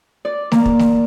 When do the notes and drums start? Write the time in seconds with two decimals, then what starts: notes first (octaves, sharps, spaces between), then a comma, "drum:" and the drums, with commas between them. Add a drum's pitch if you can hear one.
0.25 D5
0.52 A#3, drum: snare A3
0.65 drum: kick
0.79 drum: snare A3